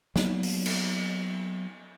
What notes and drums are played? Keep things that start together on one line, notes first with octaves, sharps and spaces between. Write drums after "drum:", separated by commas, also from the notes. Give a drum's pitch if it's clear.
F#3 A#3 B3, drum: snare
drum: open hi-hat
drum: cymbal